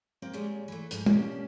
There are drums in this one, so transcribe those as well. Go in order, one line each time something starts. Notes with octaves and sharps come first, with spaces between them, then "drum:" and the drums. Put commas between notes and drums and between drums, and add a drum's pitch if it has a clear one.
A#3 C4 G5
A#2 G3 G#3 C#5
E3 A3
G#2 F3, drum: hi-hat
B2 A#3 C#4 D4 G4, drum: tom